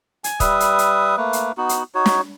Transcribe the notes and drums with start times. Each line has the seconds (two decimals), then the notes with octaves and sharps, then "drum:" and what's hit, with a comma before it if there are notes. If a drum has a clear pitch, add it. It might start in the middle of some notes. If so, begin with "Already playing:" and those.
0.24 G#5, drum: hi-hat
0.40 G3 B4 E5 D#6, drum: kick, hi-hat
0.60 drum: hi-hat
0.79 drum: hi-hat
1.17 A3 A#3 B4
1.33 drum: hi-hat
1.57 B3 D#4 F#4
1.69 drum: hi-hat
1.95 D#4 F#4 C#5
2.06 drum: snare